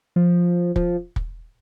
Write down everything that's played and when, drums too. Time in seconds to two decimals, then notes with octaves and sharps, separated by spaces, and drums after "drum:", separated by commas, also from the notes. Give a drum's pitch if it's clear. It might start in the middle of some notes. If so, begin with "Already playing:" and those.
0.16 F3
0.76 F3, drum: kick
1.16 drum: kick